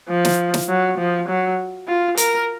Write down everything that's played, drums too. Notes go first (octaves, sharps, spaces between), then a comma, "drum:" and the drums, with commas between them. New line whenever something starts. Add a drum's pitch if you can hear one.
F3
drum: snare
drum: snare
F#3
F3
F#3
F4
A#4, drum: hi-hat